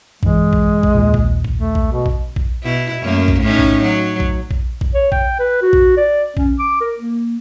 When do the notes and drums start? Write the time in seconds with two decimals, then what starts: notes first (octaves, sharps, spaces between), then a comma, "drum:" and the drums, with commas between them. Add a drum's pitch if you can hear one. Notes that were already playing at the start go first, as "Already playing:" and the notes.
0.23 G2 E3 G#3, drum: kick A#1
0.53 drum: kick A#1
0.83 drum: kick A#1
0.94 A#1 D#2 A#2
1.14 drum: kick A#1
1.45 drum: kick A#1
1.59 A3
1.75 drum: kick A#1
1.92 B2
2.06 drum: kick A#1
2.36 drum: kick A#1
2.63 B2 E4
3.03 F#2 A3 A#3
3.28 drum: kick A#1
3.41 A2 C#4 D#4
3.59 drum: kick A#1
3.83 F#3
4.20 drum: kick A#1
4.51 drum: kick A#1
4.81 drum: kick A#1
4.94 C#5
5.12 G5, drum: kick A#1
5.39 B4
5.62 F#4
5.73 drum: kick A#1
5.97 D5
6.37 C#4, drum: kick A#1
6.59 D6
6.81 A#4
6.99 A#3